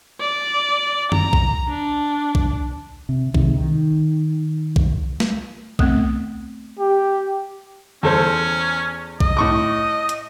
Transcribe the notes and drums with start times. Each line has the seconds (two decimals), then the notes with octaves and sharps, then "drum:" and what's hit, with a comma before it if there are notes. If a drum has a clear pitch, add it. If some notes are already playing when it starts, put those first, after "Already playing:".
0.20 D5
1.12 A#5, drum: tom
1.33 drum: kick B1
1.69 D4
2.35 drum: kick B1
3.09 C3
3.34 C3 D#3 G#3, drum: kick B1
3.57 D#3
4.76 drum: kick B1
5.20 drum: snare
5.79 A3 B3 C4, drum: kick B1
6.79 G4
8.03 E2 C#4 A4 C5
9.20 D#5, drum: kick B1
9.37 A2 C#6 D6
10.09 drum: hi-hat